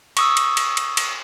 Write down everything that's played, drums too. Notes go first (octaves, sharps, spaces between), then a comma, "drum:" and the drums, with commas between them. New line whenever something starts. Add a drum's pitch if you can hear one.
C#6 D#6 E6, drum: cymbal
drum: cymbal
drum: cymbal
drum: cymbal
drum: cymbal